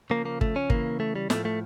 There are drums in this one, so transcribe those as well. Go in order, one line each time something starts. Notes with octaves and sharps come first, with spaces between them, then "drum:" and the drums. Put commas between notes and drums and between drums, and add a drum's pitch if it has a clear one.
C#3 F3 A#3
A#3
A3, drum: kick
C#4
C#3 E3 A#3, drum: kick
A3
G3
A2 F3 A3, drum: snare
A3